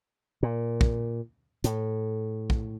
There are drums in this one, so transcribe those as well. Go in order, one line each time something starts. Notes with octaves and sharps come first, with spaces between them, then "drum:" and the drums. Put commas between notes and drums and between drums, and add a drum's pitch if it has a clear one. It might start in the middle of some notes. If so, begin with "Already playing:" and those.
A#2
drum: kick
A2, drum: hi-hat
drum: kick